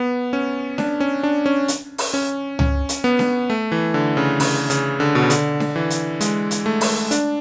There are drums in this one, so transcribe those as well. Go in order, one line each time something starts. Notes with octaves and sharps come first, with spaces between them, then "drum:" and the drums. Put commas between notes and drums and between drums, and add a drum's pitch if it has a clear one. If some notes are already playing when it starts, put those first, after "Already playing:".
Already playing: B3
C#4
D4, drum: snare D4
C#4
D4
C#4
drum: hi-hat
drum: open hi-hat
C#4
C#4, drum: tom C#2
drum: hi-hat
B3
drum: snare D4
A3
E3
D3
C#3
C#3, drum: open hi-hat
C#3, drum: hi-hat
D3
B2
C#3
D3, drum: hi-hat
drum: snare D4
E3
drum: hi-hat
G#3, drum: hi-hat
drum: hi-hat
A3
drum: open hi-hat
D4, drum: hi-hat